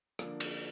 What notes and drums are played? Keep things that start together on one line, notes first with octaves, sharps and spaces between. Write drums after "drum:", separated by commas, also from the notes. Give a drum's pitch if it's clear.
D3 F3 A#3 D4, drum: rim click
drum: cymbal